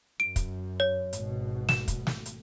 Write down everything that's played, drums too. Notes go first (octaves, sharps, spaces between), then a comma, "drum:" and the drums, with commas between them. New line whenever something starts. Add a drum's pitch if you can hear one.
F#2 D7
drum: kick, hi-hat
C#5
G#1 B2, drum: hi-hat
E7, drum: snare
drum: kick, hi-hat
drum: snare
drum: hi-hat